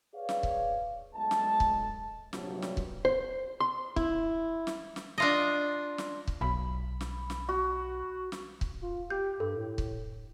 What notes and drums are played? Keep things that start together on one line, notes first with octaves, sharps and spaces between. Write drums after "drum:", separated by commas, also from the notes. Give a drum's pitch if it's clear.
G#4 B4 C#5 D5 F5
drum: snare
drum: kick C#1
B1 G#3 A3 D#5 A5
drum: snare
drum: kick C#1
A#1 G2 C3 F#3, drum: snare
drum: snare
drum: kick C#1
C5
C6
E4, drum: kick C#1
drum: snare
drum: snare
D4 F4 D#5
drum: snare
drum: kick C#1
B1 B5
drum: snare
drum: snare
F#4
drum: snare
drum: kick C#1
F4
G4 G6
G2 A4
A2
drum: kick C#1